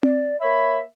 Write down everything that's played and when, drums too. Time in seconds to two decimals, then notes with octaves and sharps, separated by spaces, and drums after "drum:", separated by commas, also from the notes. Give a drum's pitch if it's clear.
0.03 D5, drum: tom C4
0.41 A#3 C#5 E5 B5